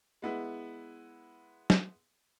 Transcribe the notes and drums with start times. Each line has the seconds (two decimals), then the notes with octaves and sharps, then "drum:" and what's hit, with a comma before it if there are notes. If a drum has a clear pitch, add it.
0.22 G#3 B3 E4
1.70 drum: snare